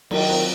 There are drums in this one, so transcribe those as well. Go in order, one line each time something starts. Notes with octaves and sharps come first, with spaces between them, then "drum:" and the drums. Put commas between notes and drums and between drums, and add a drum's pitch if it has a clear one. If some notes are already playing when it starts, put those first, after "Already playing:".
D#3 F#3, drum: cymbal
C4 F4